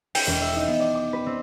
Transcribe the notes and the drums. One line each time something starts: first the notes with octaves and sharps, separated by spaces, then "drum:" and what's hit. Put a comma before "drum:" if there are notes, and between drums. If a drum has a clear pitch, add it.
G5, drum: open hi-hat
E1
E5
D#4
B3
D5
D6
B4
C4